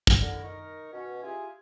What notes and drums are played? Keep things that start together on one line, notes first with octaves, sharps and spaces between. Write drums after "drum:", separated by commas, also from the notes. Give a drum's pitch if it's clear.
drum: kick
D3 E4 A#4
D#4 A#4 C#6
B2 C#4
E4 F4 G4 G#4 G#5